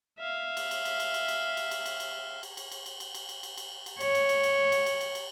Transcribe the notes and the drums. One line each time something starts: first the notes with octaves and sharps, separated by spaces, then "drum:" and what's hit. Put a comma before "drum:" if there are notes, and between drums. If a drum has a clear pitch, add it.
E5 F5
drum: cymbal
drum: cymbal
drum: cymbal
drum: cymbal
drum: cymbal
drum: cymbal
drum: cymbal
drum: cymbal
drum: cymbal
drum: cymbal
drum: cymbal
drum: cymbal
drum: cymbal
drum: cymbal
drum: cymbal
drum: cymbal
drum: cymbal
drum: cymbal
drum: cymbal
drum: cymbal
C#5, drum: cymbal
drum: cymbal
drum: cymbal
drum: cymbal
drum: cymbal
drum: cymbal
drum: cymbal
drum: cymbal